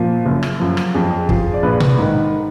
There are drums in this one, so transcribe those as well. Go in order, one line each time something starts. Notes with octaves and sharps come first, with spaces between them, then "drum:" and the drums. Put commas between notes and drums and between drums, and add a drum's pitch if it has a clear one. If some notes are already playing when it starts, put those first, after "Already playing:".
Already playing: A#2 F3
F#1
drum: rim click
F#2 F3
drum: rim click
F2 G#4
F3 G#4, drum: kick
D5
A#1 B4
drum: tom B2
G#2 D#3